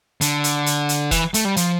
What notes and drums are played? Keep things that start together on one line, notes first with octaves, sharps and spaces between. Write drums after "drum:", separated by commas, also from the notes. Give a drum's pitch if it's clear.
D3, drum: hi-hat
drum: hi-hat
drum: hi-hat
drum: hi-hat
E3, drum: kick F1, hi-hat
A3, drum: hi-hat
G3
F3, drum: hi-hat